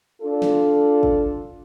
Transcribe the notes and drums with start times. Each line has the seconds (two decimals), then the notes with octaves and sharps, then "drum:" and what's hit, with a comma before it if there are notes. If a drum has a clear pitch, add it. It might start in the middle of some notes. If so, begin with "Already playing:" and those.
0.22 D4 F4 A4
0.42 drum: snare
1.03 drum: kick